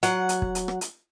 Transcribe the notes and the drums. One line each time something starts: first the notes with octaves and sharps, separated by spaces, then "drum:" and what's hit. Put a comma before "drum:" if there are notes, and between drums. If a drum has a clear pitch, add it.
F#3 F#5, drum: hi-hat
drum: hi-hat
drum: kick
drum: hi-hat
drum: rim click
drum: hi-hat